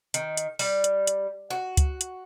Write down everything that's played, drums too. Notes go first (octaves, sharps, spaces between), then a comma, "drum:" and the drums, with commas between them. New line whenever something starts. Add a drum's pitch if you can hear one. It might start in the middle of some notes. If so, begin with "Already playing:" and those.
D#3, drum: hi-hat
drum: hi-hat
G3, drum: open hi-hat
drum: hi-hat
drum: hi-hat
F#4
drum: kick, hi-hat
drum: hi-hat